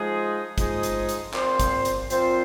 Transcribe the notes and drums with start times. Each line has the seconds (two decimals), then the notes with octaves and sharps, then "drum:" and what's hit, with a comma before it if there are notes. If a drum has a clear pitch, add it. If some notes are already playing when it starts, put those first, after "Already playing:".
Already playing: F3 G#3 D#4 G#4
0.58 F3 G#3 D#4 G#4, drum: kick, hi-hat
0.83 drum: hi-hat
1.09 drum: hi-hat
1.34 A#2 F3 C4 F4 C5, drum: clap
1.60 drum: kick, hi-hat
1.85 drum: hi-hat
2.10 A#2 F3 C4 F4 C5, drum: hi-hat